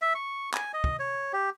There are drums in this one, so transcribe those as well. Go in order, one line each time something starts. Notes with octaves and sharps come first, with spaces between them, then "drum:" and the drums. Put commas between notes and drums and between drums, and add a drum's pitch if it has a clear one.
E5
C#6
G#5, drum: clap
D#5
drum: kick
C#5
G4